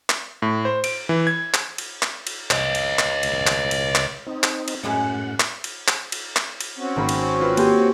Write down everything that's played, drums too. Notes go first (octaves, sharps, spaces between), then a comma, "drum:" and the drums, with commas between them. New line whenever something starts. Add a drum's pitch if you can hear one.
drum: clap
A2
C5
D7, drum: cymbal
E3
G#6
drum: clap
drum: cymbal
drum: clap
drum: cymbal
C#5 D#5, drum: clap
drum: cymbal
drum: clap
drum: cymbal
drum: clap
drum: cymbal
drum: clap
C4 D#4
drum: clap
drum: cymbal
F#2 A2 G#3 E4 F#5
drum: clap
drum: cymbal
drum: clap
drum: cymbal
drum: clap
drum: cymbal
C4 C#4 F#4
G#1 A#3 B5
drum: cymbal
F4 B4
A#3 G4 G#5 C6 G6, drum: cymbal